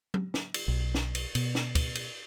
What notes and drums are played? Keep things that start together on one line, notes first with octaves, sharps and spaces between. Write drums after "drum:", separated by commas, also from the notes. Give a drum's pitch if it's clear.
drum: tom F#3
drum: snare
drum: cymbal
B1
drum: snare
drum: cymbal
B2, drum: cymbal
drum: snare
drum: kick, cymbal
drum: cymbal